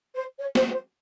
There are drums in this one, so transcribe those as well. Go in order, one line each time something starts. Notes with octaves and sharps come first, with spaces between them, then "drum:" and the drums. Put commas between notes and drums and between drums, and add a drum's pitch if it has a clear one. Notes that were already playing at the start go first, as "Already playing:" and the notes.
C5
C#5
C5, drum: snare
C5